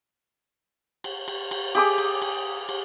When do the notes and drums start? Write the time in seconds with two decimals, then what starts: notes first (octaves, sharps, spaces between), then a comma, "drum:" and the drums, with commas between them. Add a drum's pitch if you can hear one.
1.04 drum: cymbal
1.28 drum: cymbal
1.51 drum: cymbal
1.75 G4 G#4 D6, drum: cymbal
1.98 drum: cymbal
2.22 drum: cymbal
2.69 drum: cymbal